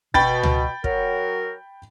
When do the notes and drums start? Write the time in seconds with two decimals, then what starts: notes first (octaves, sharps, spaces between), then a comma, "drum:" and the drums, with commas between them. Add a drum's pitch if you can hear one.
0.14 B2 G5 B5 A6, drum: kick
0.43 drum: tom C#2
0.84 F#3 A#4, drum: kick